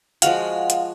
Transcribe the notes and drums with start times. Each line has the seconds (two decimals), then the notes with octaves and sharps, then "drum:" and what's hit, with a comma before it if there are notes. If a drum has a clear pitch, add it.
0.22 F3 G#3 F#4 F5 F#5, drum: hi-hat
0.70 drum: hi-hat